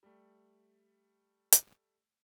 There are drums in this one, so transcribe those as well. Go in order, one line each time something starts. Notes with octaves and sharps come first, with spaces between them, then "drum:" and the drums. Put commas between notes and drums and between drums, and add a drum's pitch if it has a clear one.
G3 A3
drum: hi-hat